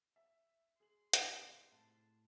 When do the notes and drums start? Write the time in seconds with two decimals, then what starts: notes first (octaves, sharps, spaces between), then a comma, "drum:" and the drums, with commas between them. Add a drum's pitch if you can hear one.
0.16 E5
0.80 G#4 C6 F#7
1.13 drum: hi-hat
1.37 G#2 C3 E4 G#4 C5
1.72 A2 A5